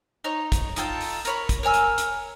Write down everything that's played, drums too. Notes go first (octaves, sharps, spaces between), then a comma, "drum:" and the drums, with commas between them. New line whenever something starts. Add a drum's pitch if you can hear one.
D#4 C#5
drum: kick, hi-hat
D#4 F4 A4 G5, drum: hi-hat
drum: open hi-hat
A#4 C#5 B5, drum: hi-hat
drum: kick, hi-hat
A#4 C#5 G#5 E6
drum: hi-hat
drum: hi-hat